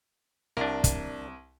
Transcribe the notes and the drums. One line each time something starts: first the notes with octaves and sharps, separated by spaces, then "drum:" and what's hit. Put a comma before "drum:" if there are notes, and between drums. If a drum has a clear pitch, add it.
C2 D4 A#4
drum: kick, hi-hat